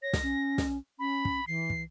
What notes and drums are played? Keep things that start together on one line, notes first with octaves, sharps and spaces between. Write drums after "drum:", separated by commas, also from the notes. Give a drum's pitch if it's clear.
C#5 A#6
drum: snare
C#4
drum: snare
C#4 B5
drum: kick
E3 C7
drum: kick